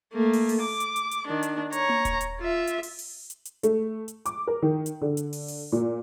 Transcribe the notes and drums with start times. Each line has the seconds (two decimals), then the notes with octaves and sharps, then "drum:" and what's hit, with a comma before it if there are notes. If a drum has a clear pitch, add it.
0.13 A3 A#3
0.33 drum: open hi-hat
0.49 drum: open hi-hat
0.62 D6
0.80 drum: hi-hat
0.96 drum: hi-hat
1.11 drum: hi-hat
1.27 D#3 D4
1.43 drum: hi-hat
1.72 C#5 A#5, drum: hi-hat
1.89 drum: tom A#3
2.05 drum: kick D#1, hi-hat
2.21 drum: hi-hat
2.40 F4 E5
2.67 drum: hi-hat
2.83 drum: open hi-hat
2.99 drum: open hi-hat
3.30 drum: hi-hat
3.45 drum: hi-hat
3.63 A3, drum: hi-hat
4.08 drum: hi-hat
4.25 D6, drum: hi-hat
4.47 A#4
4.62 D#3
4.86 drum: hi-hat
5.01 D3
5.17 drum: hi-hat
5.33 drum: open hi-hat
5.48 drum: open hi-hat
5.72 A#2